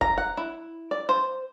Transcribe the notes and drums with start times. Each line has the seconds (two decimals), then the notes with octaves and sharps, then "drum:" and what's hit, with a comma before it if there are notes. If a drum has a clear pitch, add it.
0.01 A#5, drum: kick
0.18 F#5
0.37 E4
0.91 D5
1.09 C5